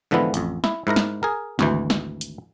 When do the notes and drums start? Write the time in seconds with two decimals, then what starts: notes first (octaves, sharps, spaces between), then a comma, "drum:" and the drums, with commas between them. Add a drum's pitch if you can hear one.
0.11 G#2 D3 E3 F3 B3 E4
0.34 A1 F2, drum: hi-hat
0.64 E4, drum: snare
0.87 G#2 E4 A#4 A#5
0.96 drum: snare
1.23 G#4 A#4
1.59 G#1 D2 E3, drum: snare
1.90 drum: snare
2.21 drum: hi-hat